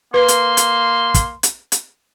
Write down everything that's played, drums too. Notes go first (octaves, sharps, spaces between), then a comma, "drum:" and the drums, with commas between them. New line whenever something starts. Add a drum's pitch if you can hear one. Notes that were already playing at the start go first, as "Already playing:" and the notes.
A#3 B4 C6
drum: hi-hat
drum: hi-hat
drum: kick, hi-hat
drum: hi-hat
drum: hi-hat